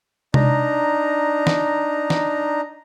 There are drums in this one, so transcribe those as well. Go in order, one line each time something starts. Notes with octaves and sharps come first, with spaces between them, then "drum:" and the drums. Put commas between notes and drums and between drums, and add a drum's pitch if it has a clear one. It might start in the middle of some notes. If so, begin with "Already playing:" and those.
D4 D#4 A#5, drum: tom C3
drum: snare
drum: snare